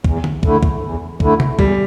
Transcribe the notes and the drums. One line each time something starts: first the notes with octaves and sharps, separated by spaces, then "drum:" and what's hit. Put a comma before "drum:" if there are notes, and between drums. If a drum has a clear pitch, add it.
E2, drum: kick
drum: tom D3
D3 A3 E4, drum: kick
drum: kick
E2
D3 A3 E4, drum: kick
drum: tom C3
E2 G3, drum: kick